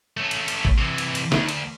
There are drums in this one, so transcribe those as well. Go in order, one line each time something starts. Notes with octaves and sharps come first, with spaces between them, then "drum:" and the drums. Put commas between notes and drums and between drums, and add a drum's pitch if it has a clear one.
A3 C#4
drum: cymbal
drum: cymbal
drum: kick
C3 E3
drum: cymbal
drum: cymbal
D2, drum: snare
drum: cymbal